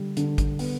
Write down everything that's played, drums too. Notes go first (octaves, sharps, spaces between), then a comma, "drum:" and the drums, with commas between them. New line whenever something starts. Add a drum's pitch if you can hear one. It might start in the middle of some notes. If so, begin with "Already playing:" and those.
Already playing: D3 G3
D3, drum: hi-hat
drum: kick, hi-hat
B3, drum: open hi-hat